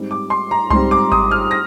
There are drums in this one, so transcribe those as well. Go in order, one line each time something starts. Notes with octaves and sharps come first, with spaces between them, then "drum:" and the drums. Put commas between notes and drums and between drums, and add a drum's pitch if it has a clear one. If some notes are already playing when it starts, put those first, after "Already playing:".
Already playing: G#2 G3 C4
D6
C6
A#5
G#2 G3 C4 C6, drum: tom C2
D6
D#6, drum: kick G#1
F6
A#6